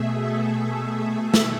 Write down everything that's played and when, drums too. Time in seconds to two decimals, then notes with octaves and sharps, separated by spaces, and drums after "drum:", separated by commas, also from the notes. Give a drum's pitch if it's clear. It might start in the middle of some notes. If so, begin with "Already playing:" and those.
Already playing: B2 A3 G#4 E5
0.15 A4
1.34 drum: snare